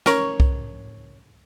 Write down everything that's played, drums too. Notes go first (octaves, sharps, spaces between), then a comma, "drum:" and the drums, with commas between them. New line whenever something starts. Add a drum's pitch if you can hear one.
C#4 A#4 C#5, drum: snare
drum: kick C2